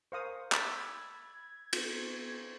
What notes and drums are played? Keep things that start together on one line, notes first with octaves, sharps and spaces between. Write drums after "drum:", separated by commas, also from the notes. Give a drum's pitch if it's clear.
A#4 C5 F5 C6 C#6 D#6
B5 E6 G#6 A6 B6, drum: clap
B3, drum: cymbal